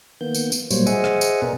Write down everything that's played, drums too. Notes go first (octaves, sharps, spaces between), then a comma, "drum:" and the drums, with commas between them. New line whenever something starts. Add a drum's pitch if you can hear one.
D#3 A#3 B3 G6
drum: tambourine
drum: tambourine
A#2 F#3 G3 A#3 C5 C#5, drum: tambourine
G#4 C5 D#5 E5 F#5 G#5, drum: tambourine
drum: rim click
drum: tambourine
B2 B3 A#4 D5